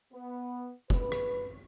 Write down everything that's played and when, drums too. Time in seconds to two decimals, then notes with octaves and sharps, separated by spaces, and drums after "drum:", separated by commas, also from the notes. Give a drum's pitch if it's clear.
0.13 B3
0.90 B4, drum: kick F1
1.12 drum: rim click